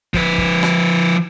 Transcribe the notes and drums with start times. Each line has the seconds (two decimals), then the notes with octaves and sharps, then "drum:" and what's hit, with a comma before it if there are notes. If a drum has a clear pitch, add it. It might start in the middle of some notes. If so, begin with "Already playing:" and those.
0.14 F3 B4, drum: kick
0.38 drum: kick
0.63 drum: rim click